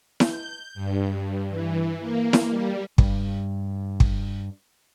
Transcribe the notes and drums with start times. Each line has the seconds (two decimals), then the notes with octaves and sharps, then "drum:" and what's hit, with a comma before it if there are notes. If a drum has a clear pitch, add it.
0.20 G6, drum: snare E4
0.74 G2
1.06 G2
1.49 E3
2.00 A#3
2.33 drum: snare E4
2.49 G3
2.98 G2 G3, drum: kick
4.00 drum: kick